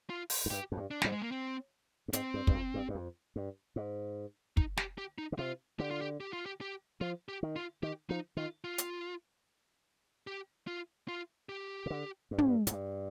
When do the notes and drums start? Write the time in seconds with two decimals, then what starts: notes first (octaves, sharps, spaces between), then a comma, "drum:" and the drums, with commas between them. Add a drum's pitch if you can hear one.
0.10 F4
0.30 drum: open hi-hat
0.46 G#2
0.50 G2 G4
0.72 F2
0.77 G2
0.91 D4
1.02 G#2 G3, drum: snare
1.12 G#3
1.22 A#3
1.31 C4
2.08 G2
2.13 G#2 C4, drum: hi-hat
2.34 G2
2.47 G2, drum: kick
2.54 F2
2.74 G2
2.89 G2
2.95 F2
3.36 G2
3.76 G#2
4.57 D#4, drum: kick
4.77 G4, drum: snare
4.98 G4
5.18 D#4
5.32 D3
5.39 C3 F4
5.79 D3 G4
5.91 F4
6.01 G4
6.20 G4
6.33 F4
6.46 G4
6.61 G4
7.01 F3 F4
7.28 G4
7.43 D#3
7.56 F4
7.83 D#3 G4
8.10 F3 D#4
8.37 D#3 F4
8.64 F4
8.78 drum: hi-hat
10.27 G4
10.67 F4
11.08 F4
11.49 G4
11.86 C3
11.90 D3
12.31 G2
12.38 G#2, drum: tom
12.48 G2
12.67 G#2, drum: hi-hat
12.71 G2